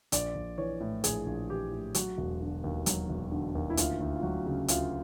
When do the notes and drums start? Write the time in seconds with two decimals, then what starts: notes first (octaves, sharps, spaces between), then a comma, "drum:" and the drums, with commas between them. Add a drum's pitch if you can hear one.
0.12 A#1 D5, drum: hi-hat
0.35 A#1
0.58 E3 C#5
0.80 A2
1.04 A#1 G#4, drum: hi-hat
1.26 A#1
1.50 E3 G4
1.72 A2
1.95 F#3 F#4, drum: hi-hat
2.18 E1
2.41 D3
2.64 D#2
2.86 F#3, drum: hi-hat
3.09 E1
3.32 D3
3.55 D#2
3.70 E4
3.77 D2 F4, drum: hi-hat
4.00 D2
4.16 F4
4.23 F#3 F#4
4.46 C#3
4.68 D2 F4, drum: hi-hat